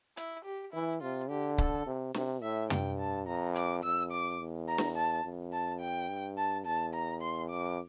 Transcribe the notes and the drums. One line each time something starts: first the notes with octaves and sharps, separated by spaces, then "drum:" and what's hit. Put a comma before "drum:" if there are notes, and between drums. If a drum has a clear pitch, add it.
E4, drum: hi-hat
G4
E3 E4
C3 F4
D3 G4
A4, drum: kick C#1
C3
C3, drum: snare
A2 E5
G2 G5, drum: tom
A5
F2 A#5
D6, drum: hi-hat
F2 E6
D6
E2
A#5
drum: snare
A5
F2
A5
G5
G2
A5
E2 A5
A#5
C6
F2 D6